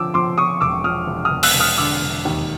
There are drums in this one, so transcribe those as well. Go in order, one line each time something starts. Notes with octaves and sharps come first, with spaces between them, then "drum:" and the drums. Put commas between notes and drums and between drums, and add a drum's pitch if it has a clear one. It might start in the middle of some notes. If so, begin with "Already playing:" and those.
Already playing: D3 F3 D6 E6
F3 C6 D6
F3 C#6 D#6
E1 D6 E6
F3 D#6 F6
E1
D#6 F6
E1
E6 F#6, drum: open hi-hat
E1
D#6 F6
D3 D6 E6
E1
D#2